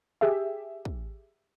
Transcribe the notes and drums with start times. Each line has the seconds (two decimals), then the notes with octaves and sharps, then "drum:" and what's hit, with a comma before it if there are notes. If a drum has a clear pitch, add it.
0.21 G4 G#4 E5
0.85 drum: kick